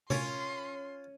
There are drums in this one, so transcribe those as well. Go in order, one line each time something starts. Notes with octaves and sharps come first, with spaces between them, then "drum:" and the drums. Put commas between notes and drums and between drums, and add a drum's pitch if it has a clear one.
C#4 F4 A#4 C#5 C6, drum: tom C3